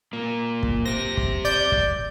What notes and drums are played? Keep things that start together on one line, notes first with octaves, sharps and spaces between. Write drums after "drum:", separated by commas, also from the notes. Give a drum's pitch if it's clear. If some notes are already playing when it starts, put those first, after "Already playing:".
A#2 A#3
drum: kick
G4 C5 A#6
drum: kick
D5 G6
drum: kick